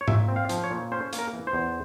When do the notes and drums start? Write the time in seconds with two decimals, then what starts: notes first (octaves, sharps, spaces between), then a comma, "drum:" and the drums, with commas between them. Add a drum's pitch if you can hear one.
0.01 C#5
0.08 A#2 E5, drum: tom G#2
0.28 C4
0.36 F5
0.49 F3, drum: hi-hat
0.64 C#5
0.71 A#2
0.92 C#4 C5
1.13 A#3, drum: hi-hat
1.19 A#4
1.33 E3
1.47 C5
1.53 E2